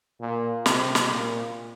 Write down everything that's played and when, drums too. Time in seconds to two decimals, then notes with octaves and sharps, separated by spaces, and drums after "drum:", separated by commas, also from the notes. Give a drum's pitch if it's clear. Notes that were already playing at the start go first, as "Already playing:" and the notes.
0.20 A#2
0.66 C3, drum: snare
0.95 drum: snare
1.10 A#2